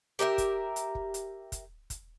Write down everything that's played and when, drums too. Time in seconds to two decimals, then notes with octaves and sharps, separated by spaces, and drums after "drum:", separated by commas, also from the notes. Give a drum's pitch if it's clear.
0.19 G4 A#4 D#5 E5
0.38 drum: kick, hi-hat
0.76 drum: hi-hat
0.95 drum: kick
1.14 drum: hi-hat
1.52 drum: kick, hi-hat
1.90 drum: kick, hi-hat